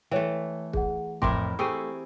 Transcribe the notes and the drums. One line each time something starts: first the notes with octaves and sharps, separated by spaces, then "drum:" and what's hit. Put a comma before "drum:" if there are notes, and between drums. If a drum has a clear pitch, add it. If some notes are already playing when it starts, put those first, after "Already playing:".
E3 A3 C#5 G5
G#4 F#5, drum: kick
F2 A2 E4 A#4 G5 C6 D6, drum: kick
A3 C4 G4 G#4 C#6 E6 D#7